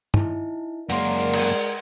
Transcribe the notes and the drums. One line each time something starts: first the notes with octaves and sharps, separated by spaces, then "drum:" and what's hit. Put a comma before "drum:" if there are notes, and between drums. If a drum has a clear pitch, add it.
D#4 E4, drum: tom
F#2 G#3 A#3 A#4 D5 F#5 C6, drum: hi-hat
drum: cymbal